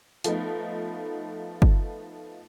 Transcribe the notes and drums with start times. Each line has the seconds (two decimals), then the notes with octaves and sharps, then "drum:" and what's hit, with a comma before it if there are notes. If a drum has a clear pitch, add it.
0.24 F3 A3 B3 D#4, drum: hi-hat
1.62 drum: kick G1